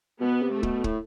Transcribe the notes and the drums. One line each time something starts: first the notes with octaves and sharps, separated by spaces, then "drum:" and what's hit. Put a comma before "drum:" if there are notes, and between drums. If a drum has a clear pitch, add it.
B2 B3
C3
A3
B2, drum: kick
A2, drum: kick